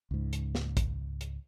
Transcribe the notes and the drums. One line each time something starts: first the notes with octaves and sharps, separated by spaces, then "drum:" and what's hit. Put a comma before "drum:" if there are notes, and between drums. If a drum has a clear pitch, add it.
C#2 G#2
drum: hi-hat
drum: snare
drum: kick A1, hi-hat
drum: hi-hat